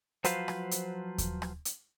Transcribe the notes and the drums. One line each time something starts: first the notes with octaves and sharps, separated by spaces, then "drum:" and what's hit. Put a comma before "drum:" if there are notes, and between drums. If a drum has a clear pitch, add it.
F3 F#3 F4 B4 C5 F5, drum: hi-hat
drum: rim click
drum: hi-hat
drum: kick D#2, hi-hat
drum: rim click
drum: hi-hat